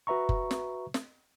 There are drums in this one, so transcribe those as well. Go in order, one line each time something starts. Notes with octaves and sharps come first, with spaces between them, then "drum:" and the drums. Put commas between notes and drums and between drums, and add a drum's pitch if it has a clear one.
F#4 B4 E5 A#5 C#6
drum: kick F#1
drum: snare
drum: snare